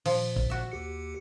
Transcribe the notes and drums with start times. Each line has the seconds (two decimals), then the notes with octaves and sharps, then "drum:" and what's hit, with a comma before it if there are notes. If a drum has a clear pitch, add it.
0.06 A#2 F3, drum: open hi-hat
0.36 drum: kick
0.50 F#4 E5
0.72 D#2 G4 C#7